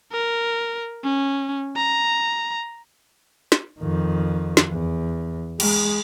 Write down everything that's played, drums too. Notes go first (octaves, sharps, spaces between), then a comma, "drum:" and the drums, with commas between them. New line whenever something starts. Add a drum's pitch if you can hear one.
A#4
C#4
A#5
drum: snare
F2 D#3
drum: snare
E2
G#3, drum: cymbal